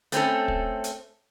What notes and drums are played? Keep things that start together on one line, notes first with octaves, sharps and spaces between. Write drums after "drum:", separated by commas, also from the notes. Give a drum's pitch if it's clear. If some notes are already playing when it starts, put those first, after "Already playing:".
A3 C4 C#4 A4, drum: hi-hat
drum: kick
drum: hi-hat